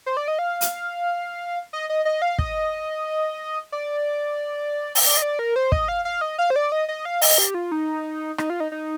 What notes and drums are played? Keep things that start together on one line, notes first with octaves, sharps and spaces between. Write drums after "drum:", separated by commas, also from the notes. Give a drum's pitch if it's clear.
C5
D5
D#5
F5
drum: hi-hat
D#5
D#5
D#5
F5
D#5, drum: kick
D5
drum: open hi-hat
D5
D#5
D5
A#4
C5
D#5, drum: kick
F5
F5
D#5
F5
C5
D5
D#5
D#5
F5
D#5, drum: open hi-hat
G4
F4
D#4
D#4, drum: rim click
F4
D#4
D#4